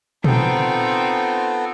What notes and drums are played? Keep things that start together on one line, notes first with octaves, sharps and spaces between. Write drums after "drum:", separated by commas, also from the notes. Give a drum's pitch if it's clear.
B3 C4 D#4 F4 A4 G5, drum: tom A#2